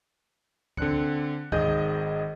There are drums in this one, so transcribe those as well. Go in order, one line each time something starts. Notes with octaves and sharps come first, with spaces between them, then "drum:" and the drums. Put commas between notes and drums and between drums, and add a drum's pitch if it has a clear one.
D3 C4 D4 F#6 C#7, drum: kick C#2
G#1 D#3 G#4 D#5 G6, drum: kick C#2